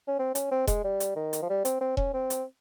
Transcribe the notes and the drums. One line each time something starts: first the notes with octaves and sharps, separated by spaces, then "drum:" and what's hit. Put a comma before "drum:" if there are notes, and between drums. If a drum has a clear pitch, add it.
C#4
C4
C#4, drum: hi-hat
C4
G#3, drum: kick E1, hi-hat
G3
drum: hi-hat
D#3
drum: hi-hat
F3
G3
C4, drum: hi-hat
C4
C#4, drum: kick E1
C4
drum: hi-hat